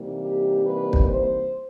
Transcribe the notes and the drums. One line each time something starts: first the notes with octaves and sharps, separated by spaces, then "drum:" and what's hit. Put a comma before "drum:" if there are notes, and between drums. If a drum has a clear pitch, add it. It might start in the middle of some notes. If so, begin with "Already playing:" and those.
Already playing: C3 E3 G3 A#3 D#4
G4
B4
drum: kick
C5